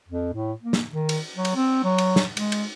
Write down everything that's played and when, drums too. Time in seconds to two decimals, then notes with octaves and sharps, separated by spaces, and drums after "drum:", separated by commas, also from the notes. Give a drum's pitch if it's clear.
0.08 F2
0.33 A2
0.62 A#3
0.73 drum: snare
0.91 D#3
1.09 drum: cymbal
1.35 F#3
1.45 drum: cymbal
1.56 C4
1.84 F#3
1.98 drum: cymbal
2.16 drum: snare
2.37 G#3, drum: cymbal
2.52 drum: cymbal